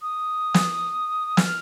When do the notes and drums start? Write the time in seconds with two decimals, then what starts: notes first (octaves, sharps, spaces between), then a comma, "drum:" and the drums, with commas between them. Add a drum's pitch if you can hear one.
0.02 D#6
0.54 drum: snare
1.37 F6, drum: snare